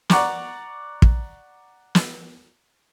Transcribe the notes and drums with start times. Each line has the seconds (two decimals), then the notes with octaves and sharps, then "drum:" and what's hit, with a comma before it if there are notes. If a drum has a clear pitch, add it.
0.10 D5 F#5 A#5 C#6 D6, drum: snare
1.02 drum: kick
1.95 drum: snare